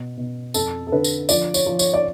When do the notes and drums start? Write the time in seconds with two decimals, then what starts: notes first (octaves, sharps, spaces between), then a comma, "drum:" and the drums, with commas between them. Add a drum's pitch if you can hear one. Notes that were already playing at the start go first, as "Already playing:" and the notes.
Already playing: B2
0.17 B2
0.54 F2 A4, drum: tambourine
0.87 A4
0.92 D3 B4
1.04 drum: tambourine
1.29 F3 D5, drum: tambourine
1.54 C#5, drum: tambourine
1.66 F3
1.79 C#5, drum: tambourine
1.94 D5